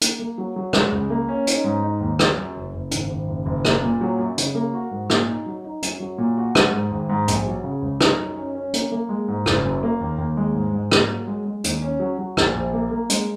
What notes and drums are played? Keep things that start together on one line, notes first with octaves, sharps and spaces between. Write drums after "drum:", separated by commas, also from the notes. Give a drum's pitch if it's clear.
A#3, drum: hi-hat
A#3
F#3
F#3
G#3, drum: rim click
C#2
A#3
C#4
D#4, drum: hi-hat
G#2
D#4
D#2
F#3, drum: rim click
F#2
F#1
F#1
G#1, drum: hi-hat
G#1
F#1
F#1
A#3, drum: rim click
A#2
F#3
F#2
C#3, drum: hi-hat
A#3
F#4
G#2
A#2, drum: rim click
D#4
F#3
D#4
F#2, drum: hi-hat
F#3
A#2
F#4
G#3, drum: rim click
G#2
G#1
G#2
A#1, drum: hi-hat
F#3
C#3
C#2
D#4, drum: rim click
F#2
C#4
C#4
A#3, drum: hi-hat
A#3
G#3
G#2
F#1, drum: rim click
F#2
A#3
D#2
D#2
G#3
G#2
G#2
A#3, drum: rim click
F#3
G#3
G#3
D#2, drum: hi-hat
C#4
F#3
F#3
A#1, drum: rim click
A#1
A#3
A#3
G#3, drum: hi-hat